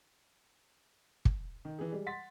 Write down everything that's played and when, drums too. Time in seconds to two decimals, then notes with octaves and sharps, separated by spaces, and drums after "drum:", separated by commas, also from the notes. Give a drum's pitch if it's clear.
1.25 drum: kick
1.65 D#3
1.79 E3 G#4
1.92 G3 G#3
2.06 F#5 C6 A6 B6